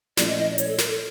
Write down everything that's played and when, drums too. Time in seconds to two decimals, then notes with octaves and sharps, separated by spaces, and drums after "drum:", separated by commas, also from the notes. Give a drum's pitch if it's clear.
0.17 A#2 F3 A3 C#4 E4 D5, drum: snare
0.27 D#5
0.37 D#5
0.52 D5
0.58 C#5, drum: hi-hat
0.68 A4
0.78 A#4, drum: snare
0.88 A4